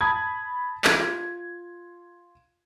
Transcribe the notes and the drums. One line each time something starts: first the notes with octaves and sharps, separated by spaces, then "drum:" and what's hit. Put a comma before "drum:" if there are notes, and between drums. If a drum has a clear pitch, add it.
A5 B5 D#6 G#6
F4 G#6, drum: clap